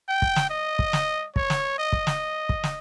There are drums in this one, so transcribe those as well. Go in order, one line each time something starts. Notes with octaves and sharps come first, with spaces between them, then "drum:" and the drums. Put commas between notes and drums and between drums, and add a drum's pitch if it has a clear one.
G5
drum: kick
drum: snare
D#5
drum: kick
drum: snare
C#5, drum: kick
drum: snare
D#5
drum: kick
drum: snare
drum: kick
drum: snare